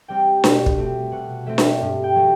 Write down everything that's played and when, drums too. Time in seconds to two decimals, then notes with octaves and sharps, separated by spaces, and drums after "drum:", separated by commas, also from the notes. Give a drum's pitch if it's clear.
0.08 G3 C4 G5
0.44 B2, drum: snare D4
0.66 drum: kick
0.78 A3 C4
1.12 B2 F#5
1.46 A3 C4 E5
1.58 drum: snare D4
1.81 G2
2.04 G5
2.15 F#3 A3 C4